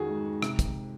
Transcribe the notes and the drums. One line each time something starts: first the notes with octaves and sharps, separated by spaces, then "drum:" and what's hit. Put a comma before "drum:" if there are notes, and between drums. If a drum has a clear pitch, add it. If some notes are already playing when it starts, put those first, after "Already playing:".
Already playing: F2 D#3 F#4 G#4
G#2
C3, drum: rim click
drum: kick, hi-hat